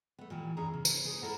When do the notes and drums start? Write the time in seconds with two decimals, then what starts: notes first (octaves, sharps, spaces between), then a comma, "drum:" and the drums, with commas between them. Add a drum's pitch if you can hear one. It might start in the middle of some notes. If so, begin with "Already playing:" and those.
0.19 A3 B3
0.30 A#2 E3 G3 A4
0.57 E2 G2 C#4 G#4 A#5
0.74 C#3
0.85 drum: tambourine
1.05 G#4 C5
1.22 E4 A4 A#4 F#5